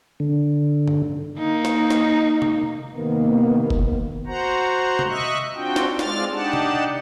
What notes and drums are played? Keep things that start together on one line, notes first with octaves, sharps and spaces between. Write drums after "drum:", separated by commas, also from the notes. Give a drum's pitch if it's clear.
D3
drum: tom G2
A#3 D#4
drum: snare
drum: snare
drum: tom C3
C3 D#3 A#3 B3
drum: kick F1
F#4 C5 F#5 A#5
drum: tom C3
D#5 E5 C#6 F#6
C4 D4 F4 F#4 G5
drum: snare
G#3 C4 F4 D5 F6 A6, drum: snare
D4 D#4 G4 D5 F#5 A5
drum: tom C3